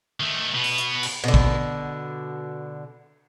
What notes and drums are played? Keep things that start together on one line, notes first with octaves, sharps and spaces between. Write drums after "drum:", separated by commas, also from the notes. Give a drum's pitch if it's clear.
D#3 A3
B2 B3
drum: open hi-hat
drum: hi-hat
drum: cymbal
B2 D3
drum: kick A1